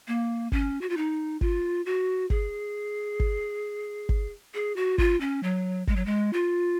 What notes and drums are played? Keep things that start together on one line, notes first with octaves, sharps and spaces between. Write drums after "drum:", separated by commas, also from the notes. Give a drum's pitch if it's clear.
A#3
C#4, drum: kick G1
F#4
F4
D#4
F4, drum: kick G1
F#4
G#4, drum: kick G1
drum: kick G1
drum: kick G1
G#4
F#4
F4, drum: kick G1
C#4
F#3
G#3, drum: kick G1
F#3
G#3
F4